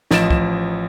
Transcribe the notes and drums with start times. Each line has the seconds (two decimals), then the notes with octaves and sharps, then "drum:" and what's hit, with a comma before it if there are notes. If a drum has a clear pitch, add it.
0.11 A1 F3 D#5 A6 D7 E7, drum: snare
0.31 drum: kick